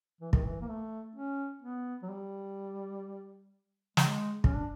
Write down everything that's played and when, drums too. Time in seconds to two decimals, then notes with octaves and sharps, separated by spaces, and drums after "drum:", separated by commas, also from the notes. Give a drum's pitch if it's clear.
0.21 E3
0.33 D#3, drum: kick
0.45 E3
0.61 A#3
0.68 A3
1.15 C#4
1.62 B3
2.02 F#3
2.10 G3
3.97 G#3, drum: snare
4.44 C#4, drum: kick
4.56 D4